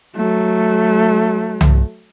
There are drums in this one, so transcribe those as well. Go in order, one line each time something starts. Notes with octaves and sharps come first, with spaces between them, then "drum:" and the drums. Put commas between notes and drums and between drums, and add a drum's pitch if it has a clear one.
F#3 A3
drum: tom C2